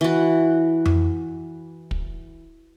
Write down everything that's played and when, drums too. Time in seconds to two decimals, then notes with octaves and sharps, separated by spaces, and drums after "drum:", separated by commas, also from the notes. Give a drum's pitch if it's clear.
0.01 E3 F#4
0.86 drum: tom F2
1.91 drum: kick